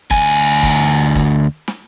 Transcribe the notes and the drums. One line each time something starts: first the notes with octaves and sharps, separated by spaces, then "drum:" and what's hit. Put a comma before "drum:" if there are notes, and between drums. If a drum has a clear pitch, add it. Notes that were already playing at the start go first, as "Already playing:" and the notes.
D2 G#5, drum: kick, hi-hat
drum: kick, hi-hat
drum: kick, hi-hat
drum: snare